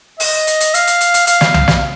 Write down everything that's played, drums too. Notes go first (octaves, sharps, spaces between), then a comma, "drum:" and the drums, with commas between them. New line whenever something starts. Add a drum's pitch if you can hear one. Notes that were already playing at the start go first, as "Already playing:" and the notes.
D#5, drum: open hi-hat
drum: hi-hat
drum: hi-hat
F5, drum: hi-hat
drum: hi-hat
drum: hi-hat
drum: hi-hat
F5, drum: hi-hat
drum: snare
drum: tom C2
drum: snare